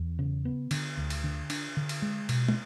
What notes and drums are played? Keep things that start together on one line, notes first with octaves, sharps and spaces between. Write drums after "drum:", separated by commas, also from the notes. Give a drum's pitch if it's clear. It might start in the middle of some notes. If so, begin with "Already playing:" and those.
Already playing: E2
C#3
B3
D3, drum: cymbal
D2
drum: cymbal
D3
D4, drum: cymbal
D3
drum: cymbal
G#3
B2, drum: cymbal
drum: tom